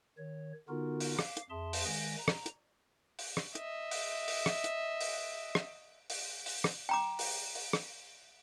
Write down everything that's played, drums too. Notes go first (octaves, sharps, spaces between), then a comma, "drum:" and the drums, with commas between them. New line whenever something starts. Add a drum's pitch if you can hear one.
D#3 C#5
D3 B3 D#4 F4 F#4 A#4
drum: open hi-hat
F5 D6, drum: rim click
drum: hi-hat
F2 G#4 E5 A5 C6
drum: open hi-hat
D#3 G#3 G#5 A#6
A#5
drum: rim click
drum: hi-hat
drum: open hi-hat
drum: rim click
D#5 E5, drum: hi-hat
drum: open hi-hat
drum: open hi-hat
drum: rim click
drum: hi-hat
drum: open hi-hat
drum: rim click
drum: open hi-hat
drum: open hi-hat
drum: rim click
G5 A#5 D6
drum: open hi-hat
drum: open hi-hat
drum: rim click